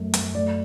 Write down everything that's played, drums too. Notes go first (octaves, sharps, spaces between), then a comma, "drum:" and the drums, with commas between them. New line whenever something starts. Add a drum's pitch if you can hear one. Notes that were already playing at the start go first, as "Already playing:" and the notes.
Already playing: F#2 A3
F#2, drum: hi-hat
A3 D5